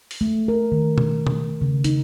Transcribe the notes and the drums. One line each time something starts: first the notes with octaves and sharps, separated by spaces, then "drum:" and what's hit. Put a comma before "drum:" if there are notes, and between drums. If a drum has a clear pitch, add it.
drum: open hi-hat
A3
A#4
D#3
drum: tom B2
drum: tom B2
C#3
D#4, drum: hi-hat